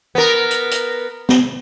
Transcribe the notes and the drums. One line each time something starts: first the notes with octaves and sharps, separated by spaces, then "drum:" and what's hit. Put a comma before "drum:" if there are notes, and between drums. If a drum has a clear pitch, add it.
B3 A#4
drum: hi-hat
drum: hi-hat
drum: snare